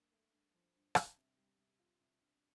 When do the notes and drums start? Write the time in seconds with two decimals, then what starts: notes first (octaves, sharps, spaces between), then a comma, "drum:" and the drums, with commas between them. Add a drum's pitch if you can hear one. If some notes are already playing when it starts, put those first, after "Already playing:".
Already playing: G2 A#3
0.12 A3
0.32 G2
0.54 F3
0.75 G2
0.95 G2, drum: rim click
1.16 C3
1.37 G3
1.59 C3
1.79 F4
2.00 C3
2.21 D4